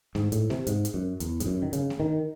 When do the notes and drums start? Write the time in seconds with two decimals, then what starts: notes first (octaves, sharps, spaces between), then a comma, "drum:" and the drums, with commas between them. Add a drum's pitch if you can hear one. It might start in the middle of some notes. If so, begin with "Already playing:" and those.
0.15 G#2, drum: snare A3
0.32 A2, drum: hi-hat
0.50 C3, drum: snare A3
0.67 G#2, drum: hi-hat
0.85 drum: hi-hat
0.94 F#2
1.20 E2, drum: hi-hat
1.40 G#2, drum: hi-hat
1.46 F#2
1.62 D#3
1.73 C#3, drum: hi-hat
1.90 drum: snare A3
2.00 D#3